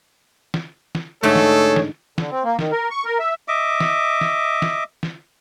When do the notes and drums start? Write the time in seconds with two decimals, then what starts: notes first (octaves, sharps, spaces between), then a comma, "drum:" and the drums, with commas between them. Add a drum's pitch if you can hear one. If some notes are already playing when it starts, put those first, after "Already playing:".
0.54 drum: snare
0.95 drum: snare
1.23 G#2 D3 A3 G#4 A4 C#5
1.36 drum: snare
1.76 drum: snare
2.18 D3, drum: snare
2.31 C4
2.44 A#3
2.59 D#3, drum: snare
2.72 A#4
2.90 C#6
3.05 A#4
3.19 E5
3.48 D#5 E5 D6
3.80 drum: snare
4.21 drum: snare
4.62 drum: snare
5.03 drum: snare